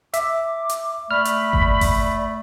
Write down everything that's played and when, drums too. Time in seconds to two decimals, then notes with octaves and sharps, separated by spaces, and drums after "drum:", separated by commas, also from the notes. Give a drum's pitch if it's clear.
0.14 E5 D6, drum: hi-hat
0.69 drum: hi-hat
1.11 A3 D5 B5 F6
1.25 drum: hi-hat
1.53 drum: kick G1
1.81 drum: kick G1, open hi-hat